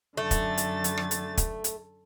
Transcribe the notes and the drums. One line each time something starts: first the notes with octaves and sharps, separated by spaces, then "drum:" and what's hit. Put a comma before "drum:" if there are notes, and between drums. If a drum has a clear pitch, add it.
F#2 D3 A3 A6
drum: kick, hi-hat
drum: hi-hat
drum: hi-hat
drum: rim click
drum: hi-hat
drum: kick, hi-hat
drum: hi-hat